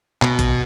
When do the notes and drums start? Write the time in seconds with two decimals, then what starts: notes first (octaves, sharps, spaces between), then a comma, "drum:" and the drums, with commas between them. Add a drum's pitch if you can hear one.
0.22 B2, drum: clap
0.39 drum: kick A1, hi-hat